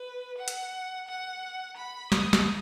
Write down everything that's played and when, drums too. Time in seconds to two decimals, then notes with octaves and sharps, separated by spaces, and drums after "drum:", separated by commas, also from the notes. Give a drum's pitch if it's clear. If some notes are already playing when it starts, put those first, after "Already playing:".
Already playing: B4
0.38 F#5
0.48 drum: hi-hat
1.07 F#5
1.77 B5
2.12 D#6, drum: snare
2.33 drum: snare